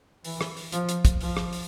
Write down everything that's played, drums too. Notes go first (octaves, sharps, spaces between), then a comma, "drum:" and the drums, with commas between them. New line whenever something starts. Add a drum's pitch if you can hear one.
E3, drum: open hi-hat
drum: rim click
drum: open hi-hat
F3, drum: hi-hat
drum: hi-hat
drum: kick, hi-hat
F3, drum: open hi-hat
drum: rim click
drum: open hi-hat